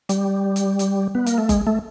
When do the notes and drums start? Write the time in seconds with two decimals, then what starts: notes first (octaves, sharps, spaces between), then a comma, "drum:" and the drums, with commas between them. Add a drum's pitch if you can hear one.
0.09 G3, drum: hi-hat
0.56 drum: hi-hat
0.79 drum: hi-hat
1.15 B3
1.26 A#3, drum: hi-hat
1.38 A3
1.49 G#3, drum: kick F#1, hi-hat
1.67 A3